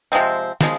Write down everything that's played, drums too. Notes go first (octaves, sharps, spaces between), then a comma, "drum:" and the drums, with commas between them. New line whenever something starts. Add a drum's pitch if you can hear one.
C3 F3 G#3 C4
C#3 F3 G#3, drum: snare